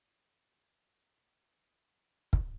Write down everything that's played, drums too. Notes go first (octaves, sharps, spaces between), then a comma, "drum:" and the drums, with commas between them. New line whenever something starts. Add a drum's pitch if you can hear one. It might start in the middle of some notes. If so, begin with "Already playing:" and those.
A3 F5
F#3 C5 C#5
A4 C#5 D#5 A#5
drum: kick